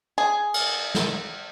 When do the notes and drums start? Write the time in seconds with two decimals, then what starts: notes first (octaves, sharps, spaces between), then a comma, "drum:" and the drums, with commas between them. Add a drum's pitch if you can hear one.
0.18 G#4
0.54 drum: cymbal
0.95 drum: snare